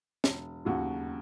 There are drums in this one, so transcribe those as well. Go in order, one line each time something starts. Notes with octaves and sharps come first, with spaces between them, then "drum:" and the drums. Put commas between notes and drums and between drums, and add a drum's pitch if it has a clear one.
E1, drum: snare
D#2 C#3 F#3 F#4